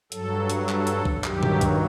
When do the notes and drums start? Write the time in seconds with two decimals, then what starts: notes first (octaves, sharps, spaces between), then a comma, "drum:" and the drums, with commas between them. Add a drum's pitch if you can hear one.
0.12 G2 F#3 A4, drum: hi-hat
0.50 drum: hi-hat
0.69 A4, drum: clap
0.87 drum: hi-hat
1.05 drum: kick
1.24 G2 D#3 F#3 G4, drum: clap
1.43 drum: tom A#2
1.61 drum: kick, hi-hat